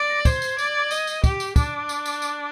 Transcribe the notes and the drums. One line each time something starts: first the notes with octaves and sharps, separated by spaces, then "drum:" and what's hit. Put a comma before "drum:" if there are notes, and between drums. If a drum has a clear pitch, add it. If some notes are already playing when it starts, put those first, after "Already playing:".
Already playing: D5
A#6
C5 G#6, drum: kick, tambourine
drum: tambourine
D5, drum: tambourine
D#5, drum: tambourine
drum: tambourine
G4, drum: kick, tambourine
drum: tambourine
D4 D6, drum: kick, tambourine
drum: tambourine
drum: tambourine
drum: tambourine